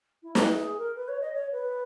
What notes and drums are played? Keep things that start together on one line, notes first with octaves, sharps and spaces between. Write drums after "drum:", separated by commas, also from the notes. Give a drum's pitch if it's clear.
E4
D#4, drum: snare
G#4
G#4
A#4
B4
C#5
D#5
C#5
B4